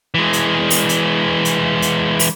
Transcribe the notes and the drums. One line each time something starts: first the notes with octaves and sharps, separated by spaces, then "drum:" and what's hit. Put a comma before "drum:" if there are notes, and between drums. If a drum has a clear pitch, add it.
E3 G#3
drum: hi-hat
drum: open hi-hat
drum: hi-hat
drum: hi-hat
drum: hi-hat
drum: open hi-hat